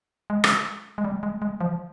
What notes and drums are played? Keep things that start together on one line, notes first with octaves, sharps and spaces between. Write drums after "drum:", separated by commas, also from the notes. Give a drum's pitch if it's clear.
G#3
drum: rim click
G#3
G3
G#3
G#3
F3